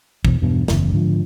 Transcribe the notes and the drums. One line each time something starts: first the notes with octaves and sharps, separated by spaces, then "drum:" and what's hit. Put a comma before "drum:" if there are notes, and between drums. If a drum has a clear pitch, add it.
E2 B2 E3, drum: kick
E2 G2 B2
F#1 E2 C#3, drum: snare
G#2 D3 F3